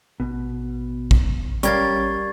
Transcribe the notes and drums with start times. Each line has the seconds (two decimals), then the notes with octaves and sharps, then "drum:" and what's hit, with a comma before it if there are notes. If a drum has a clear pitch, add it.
0.20 A1 B2
1.11 drum: kick
1.63 G3 C#4 A#4 F5 C#6 G#6 A6, drum: hi-hat